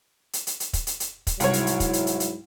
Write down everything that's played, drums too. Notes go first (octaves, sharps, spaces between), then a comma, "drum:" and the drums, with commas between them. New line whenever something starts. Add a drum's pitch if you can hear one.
drum: hi-hat
drum: hi-hat
drum: hi-hat
drum: kick, hi-hat
drum: hi-hat
drum: hi-hat
drum: kick, hi-hat
C2 G#2 F#3 E4 C#5, drum: hi-hat
drum: hi-hat
drum: hi-hat
drum: kick, hi-hat
drum: hi-hat
drum: hi-hat
drum: hi-hat